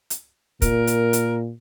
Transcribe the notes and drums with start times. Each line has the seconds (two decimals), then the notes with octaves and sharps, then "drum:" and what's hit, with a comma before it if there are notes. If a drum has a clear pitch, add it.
0.10 drum: hi-hat
0.62 A#2 A#4, drum: kick, hi-hat
0.87 drum: hi-hat
1.13 drum: hi-hat